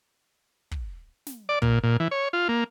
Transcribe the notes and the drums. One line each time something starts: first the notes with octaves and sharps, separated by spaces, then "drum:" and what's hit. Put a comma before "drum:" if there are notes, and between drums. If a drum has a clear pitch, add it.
drum: kick
drum: snare
D5
A#2, drum: kick
A#2
E3
C#5
F4
A#3